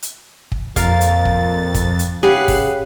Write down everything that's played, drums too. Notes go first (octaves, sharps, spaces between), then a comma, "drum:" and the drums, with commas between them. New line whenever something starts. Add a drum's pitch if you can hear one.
drum: hi-hat
drum: kick
F2 A#2 A#4 F5 A6, drum: kick, hi-hat
drum: hi-hat
drum: kick
drum: kick, hi-hat
drum: hi-hat
C#3 G4 G#4 B4 F#5 F#6 C7
drum: kick, open hi-hat